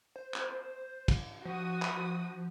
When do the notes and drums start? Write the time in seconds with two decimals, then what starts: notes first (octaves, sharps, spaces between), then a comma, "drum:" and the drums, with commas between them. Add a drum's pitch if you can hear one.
0.16 C5
0.34 drum: clap
1.08 drum: kick, cymbal
1.45 F3 F#4 D#6
1.82 drum: clap